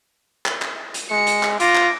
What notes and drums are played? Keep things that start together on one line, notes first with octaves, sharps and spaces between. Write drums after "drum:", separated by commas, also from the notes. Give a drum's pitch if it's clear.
drum: clap
drum: clap
drum: hi-hat
G#3 C#7
drum: hi-hat
drum: clap
F4 D6 A#6, drum: hi-hat
drum: clap